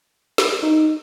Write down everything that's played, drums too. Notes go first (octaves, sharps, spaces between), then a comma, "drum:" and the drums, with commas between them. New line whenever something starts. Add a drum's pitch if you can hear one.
drum: snare
D#4